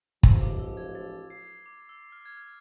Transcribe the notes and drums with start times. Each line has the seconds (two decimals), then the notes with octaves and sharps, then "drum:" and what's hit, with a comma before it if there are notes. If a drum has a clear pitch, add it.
0.23 A1 G#2 F3 E6, drum: kick
0.41 D6
0.59 E6
0.77 G#6
0.95 A6
1.30 C7
1.66 D6
1.89 E6
2.12 F6
2.26 G#6
2.37 F6